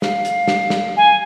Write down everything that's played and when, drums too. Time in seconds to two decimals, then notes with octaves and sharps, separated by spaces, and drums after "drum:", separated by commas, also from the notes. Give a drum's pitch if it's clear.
0.02 F5, drum: snare
0.25 drum: hi-hat
0.48 drum: snare
0.70 drum: snare
0.97 G#5